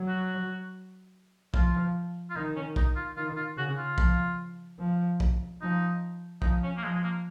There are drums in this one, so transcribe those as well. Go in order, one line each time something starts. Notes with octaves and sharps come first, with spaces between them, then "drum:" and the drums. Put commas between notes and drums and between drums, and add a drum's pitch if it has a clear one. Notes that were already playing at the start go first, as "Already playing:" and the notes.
Already playing: F#3
F#4
F3 F4, drum: kick
F4
D#3 D#4
C#4
D#4, drum: kick
F4
D#3 F4
F4
C#3 F#4
F4
F3, drum: kick
F3
drum: kick
F3 D#4
F3 D#4, drum: kick
C#4
A#3
F3 G#3
G#3
A#3